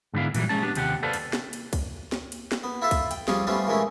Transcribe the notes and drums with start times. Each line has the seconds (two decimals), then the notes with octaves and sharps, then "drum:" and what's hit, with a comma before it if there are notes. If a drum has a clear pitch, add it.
0.14 G#2 D3 B3 E4 F5
0.35 A#2 E3 F#3 G3, drum: cymbal
0.49 G#3 C#4 A5
0.62 B3 D4 G4
0.75 D#2 C3 G4 F#5, drum: cymbal
1.03 A4 B4 C5 D5 F5 A5
1.13 drum: cymbal
1.33 drum: snare
1.53 drum: cymbal
1.73 drum: kick C2, cymbal
2.12 drum: snare
2.32 drum: cymbal
2.52 drum: snare
2.63 B3
2.82 E4 F4 A4 E5 F5
2.91 drum: kick C2, cymbal
3.11 G5, drum: cymbal
3.28 F3 G3 C#4 F4 G#4, drum: snare
3.47 G3 A3 B3 C#4 F4 C5
3.67 A#2 E3 G#3 A3 C#4 E4